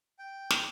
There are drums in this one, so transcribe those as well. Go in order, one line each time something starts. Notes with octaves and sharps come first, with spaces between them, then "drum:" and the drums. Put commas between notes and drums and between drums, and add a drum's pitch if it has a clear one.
G5
drum: snare